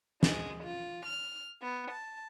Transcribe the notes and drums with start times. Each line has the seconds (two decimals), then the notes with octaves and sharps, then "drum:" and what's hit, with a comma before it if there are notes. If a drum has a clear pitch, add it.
0.23 G#3, drum: snare
0.63 F4
1.07 F6
1.61 B3
1.91 A5